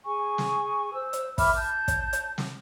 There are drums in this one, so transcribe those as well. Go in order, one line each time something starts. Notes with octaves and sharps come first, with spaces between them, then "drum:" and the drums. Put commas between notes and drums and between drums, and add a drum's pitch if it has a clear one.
G#4 G#5 C#6
drum: snare
C5 E6
drum: hi-hat
E5 B5 D6 F6, drum: kick, open hi-hat
A5 G6
drum: kick, hi-hat
drum: hi-hat
drum: snare